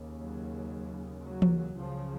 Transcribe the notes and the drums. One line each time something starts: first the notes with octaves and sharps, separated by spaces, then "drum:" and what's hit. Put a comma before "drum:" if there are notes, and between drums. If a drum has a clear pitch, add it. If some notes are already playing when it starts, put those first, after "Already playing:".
Already playing: D#2 C#3
F#3
F#3
drum: tom E3
C#2 C#3 F3